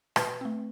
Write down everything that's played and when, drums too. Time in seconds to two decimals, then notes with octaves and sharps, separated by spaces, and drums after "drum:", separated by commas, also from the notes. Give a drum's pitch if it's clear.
0.16 B2 B4, drum: rim click
0.41 A3 C4